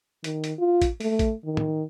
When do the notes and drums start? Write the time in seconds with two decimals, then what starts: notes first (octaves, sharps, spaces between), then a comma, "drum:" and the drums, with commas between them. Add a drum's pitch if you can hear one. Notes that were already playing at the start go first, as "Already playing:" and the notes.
0.24 D#3, drum: hi-hat
0.44 drum: hi-hat
0.59 F4
0.82 drum: kick, hi-hat
1.00 A3, drum: open hi-hat
1.19 drum: kick, hi-hat
1.45 D#3
1.57 drum: tom